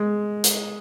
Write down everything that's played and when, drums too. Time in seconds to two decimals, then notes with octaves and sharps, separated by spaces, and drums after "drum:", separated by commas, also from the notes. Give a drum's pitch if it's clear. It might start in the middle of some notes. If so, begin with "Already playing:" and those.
Already playing: G#3
0.44 drum: hi-hat